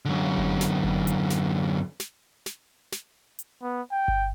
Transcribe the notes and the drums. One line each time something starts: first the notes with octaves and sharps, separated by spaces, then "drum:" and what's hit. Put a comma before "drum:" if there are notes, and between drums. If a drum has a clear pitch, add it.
F#2 D3
drum: kick G1
drum: snare
drum: kick G1
drum: hi-hat
drum: snare
drum: snare
drum: snare
drum: snare
drum: hi-hat
B3
G5
drum: kick G1